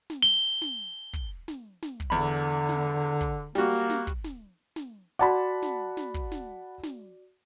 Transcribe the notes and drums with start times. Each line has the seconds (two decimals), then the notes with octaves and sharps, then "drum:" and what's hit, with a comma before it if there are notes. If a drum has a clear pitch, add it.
0.10 drum: snare
0.22 G7
0.62 drum: snare
1.13 drum: kick
1.48 drum: snare
1.82 drum: snare
2.00 drum: kick
2.10 E2 D3 B5
2.69 drum: snare
3.21 drum: kick
3.55 G3 A#3 F#4, drum: snare
3.90 drum: snare
4.07 drum: kick
4.24 drum: snare
4.76 drum: snare
5.19 F#4 D5 F#5 A5 B5 D6
5.62 drum: snare
5.97 drum: snare
6.14 drum: kick
6.32 drum: snare
6.83 drum: snare